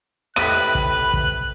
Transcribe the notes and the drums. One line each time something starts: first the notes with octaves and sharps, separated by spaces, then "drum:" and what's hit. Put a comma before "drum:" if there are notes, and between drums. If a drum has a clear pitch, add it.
A2 C3 D#4 B4 F#6 D#7, drum: rim click
drum: kick
drum: kick